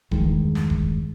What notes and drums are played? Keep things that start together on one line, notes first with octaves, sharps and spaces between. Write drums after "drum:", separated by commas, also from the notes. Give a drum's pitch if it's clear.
E2 G2 D#3 G#3, drum: kick D#1
drum: snare
drum: kick D#1